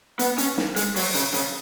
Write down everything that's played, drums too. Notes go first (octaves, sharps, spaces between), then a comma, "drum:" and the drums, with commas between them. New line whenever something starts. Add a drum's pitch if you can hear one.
B3, drum: hi-hat
C#4, drum: hi-hat
drum: snare
G#3, drum: hi-hat
F#3, drum: open hi-hat
C#3, drum: hi-hat
C#3, drum: hi-hat